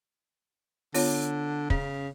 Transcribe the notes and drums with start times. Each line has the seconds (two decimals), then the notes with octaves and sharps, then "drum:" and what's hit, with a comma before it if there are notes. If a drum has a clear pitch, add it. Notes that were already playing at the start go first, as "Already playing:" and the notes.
0.94 D3 B3 F4 C#5, drum: open hi-hat
1.70 C#3 C#4, drum: kick